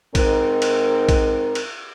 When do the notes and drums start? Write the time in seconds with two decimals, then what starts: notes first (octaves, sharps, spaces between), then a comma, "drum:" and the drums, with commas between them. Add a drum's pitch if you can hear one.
0.15 G#2 C4 D#4 A#4, drum: kick A#1, cymbal
0.62 drum: cymbal
1.09 drum: kick A#1, cymbal
1.55 drum: cymbal